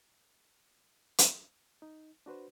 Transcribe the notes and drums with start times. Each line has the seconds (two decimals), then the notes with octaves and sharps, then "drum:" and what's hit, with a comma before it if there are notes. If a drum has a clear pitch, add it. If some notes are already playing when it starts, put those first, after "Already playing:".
1.18 drum: hi-hat
1.82 D#4
2.26 D4 F#4 B4 C5